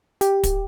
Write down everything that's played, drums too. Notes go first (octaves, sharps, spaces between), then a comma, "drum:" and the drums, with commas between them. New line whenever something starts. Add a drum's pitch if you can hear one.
G4, drum: hi-hat
drum: kick, hi-hat